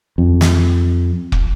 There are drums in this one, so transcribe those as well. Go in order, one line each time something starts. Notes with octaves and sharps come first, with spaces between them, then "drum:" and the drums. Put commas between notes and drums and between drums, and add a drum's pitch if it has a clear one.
F2
drum: snare
drum: kick